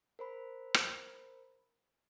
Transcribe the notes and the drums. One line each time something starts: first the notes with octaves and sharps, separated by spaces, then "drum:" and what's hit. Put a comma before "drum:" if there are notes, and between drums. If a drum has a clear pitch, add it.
A#4 C5 B5
drum: rim click